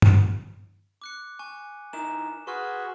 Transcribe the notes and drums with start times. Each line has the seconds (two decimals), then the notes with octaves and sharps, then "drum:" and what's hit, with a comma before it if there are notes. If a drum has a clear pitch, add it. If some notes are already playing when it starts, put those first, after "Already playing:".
0.02 drum: tom G2
1.02 D6 F#6 C#7
1.39 G#5 C#6
1.93 D#4 E4 A#4 E7
2.47 F#4 G#4 B4 C6 C#6 F6